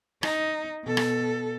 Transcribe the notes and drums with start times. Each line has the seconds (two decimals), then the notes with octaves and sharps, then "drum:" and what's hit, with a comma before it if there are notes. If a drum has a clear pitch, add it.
0.23 D#4, drum: rim click
0.85 B2 A4
0.97 drum: rim click